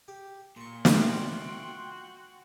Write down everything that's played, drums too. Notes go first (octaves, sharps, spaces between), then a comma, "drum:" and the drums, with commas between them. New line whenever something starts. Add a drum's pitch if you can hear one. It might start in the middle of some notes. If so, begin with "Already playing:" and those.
G4
A#2 A#5 C6 C#6
drum: snare
F4 F#4 E5 G5 D6